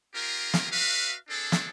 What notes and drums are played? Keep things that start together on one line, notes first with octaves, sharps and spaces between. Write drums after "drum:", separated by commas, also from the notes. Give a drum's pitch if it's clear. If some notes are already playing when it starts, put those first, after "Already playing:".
C4 F4 G4 G#4 A#4
drum: snare
F#4 B4 E5 F5
C4 D4 G#4 A4
drum: snare